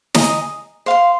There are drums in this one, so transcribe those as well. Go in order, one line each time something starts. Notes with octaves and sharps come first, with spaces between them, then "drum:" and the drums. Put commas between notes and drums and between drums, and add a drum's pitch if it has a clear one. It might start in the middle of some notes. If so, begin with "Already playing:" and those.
G#4 D#5 A#5 D#6, drum: snare
C5 F5 C6